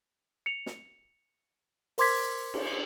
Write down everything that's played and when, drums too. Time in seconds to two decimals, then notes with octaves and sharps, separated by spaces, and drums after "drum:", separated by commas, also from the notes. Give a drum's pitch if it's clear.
0.46 C#7 F7
0.66 drum: snare
1.98 A#4 C5 C6 D6 G#6 B6, drum: open hi-hat
2.54 drum: cymbal